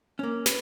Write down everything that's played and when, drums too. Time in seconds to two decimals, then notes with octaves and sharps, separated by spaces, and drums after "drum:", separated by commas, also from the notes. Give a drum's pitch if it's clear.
0.19 A#3 C#4
0.46 B4, drum: snare